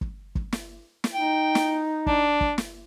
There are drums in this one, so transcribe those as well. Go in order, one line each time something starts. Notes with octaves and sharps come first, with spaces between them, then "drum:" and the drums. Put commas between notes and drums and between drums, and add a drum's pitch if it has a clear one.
drum: kick
drum: kick
drum: snare
drum: snare
D#4 G5
drum: snare
D4, drum: kick
drum: kick
drum: snare